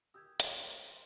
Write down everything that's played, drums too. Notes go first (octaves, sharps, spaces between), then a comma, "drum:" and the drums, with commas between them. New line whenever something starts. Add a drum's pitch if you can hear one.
G4 D#6 E6 G6 G#6
F#3 F4 C#5 C6, drum: hi-hat
A3 A#4 C5